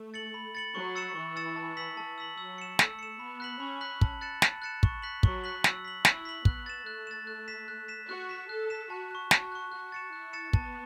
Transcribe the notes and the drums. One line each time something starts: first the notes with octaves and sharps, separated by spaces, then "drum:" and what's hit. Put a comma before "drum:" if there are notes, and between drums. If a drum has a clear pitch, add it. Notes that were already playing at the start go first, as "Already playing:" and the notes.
Already playing: A3
A6 C#7 F#7
B5
A6 C#7 F#7
F#3 C#6
E6 A6 C#7 E7
E3 C#6
E6 A6 C#7 E7
A5
E6 B6 F#7
E3 A5
E6 B6 F#7
F#3 E6
C#7 E7
A3 E6, drum: snare
C#7 E7
B3 B5
F#6 B6 F#7
C#4 B5
F#6 B6 F#7
A5, drum: kick
F#6 A6 C#7 E7
A5, drum: snare
F#6 A6 C#7 E7
C#6, drum: kick
F#6 B6 F#7
F#3 C#6, drum: kick
F#6 B6 F#7
E6, drum: snare
B6 F#7
E4 E6, drum: snare
B6 F#7
B3 F#6, drum: kick
A6 E7
A3 F#6
A6 E7
F#6
B6 E7
F#6
B6 E7
F#4 F#6
B6 E7
A4 F#6
B6 E7
F#4 A5
C#6 F#6
F#4 A5, drum: snare
C#6 F#6
F#4 F#6
A6 C#7 E7
E4 F#6
A6 C#7 E7
B3 A5, drum: kick